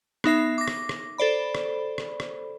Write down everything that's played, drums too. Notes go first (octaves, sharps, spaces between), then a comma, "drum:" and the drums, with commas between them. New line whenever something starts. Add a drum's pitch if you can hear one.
B3 D#4 E5 C7, drum: rim click
D6 A#6
drum: rim click
drum: rim click
A4 C5 D5 B5
drum: rim click
drum: rim click
drum: rim click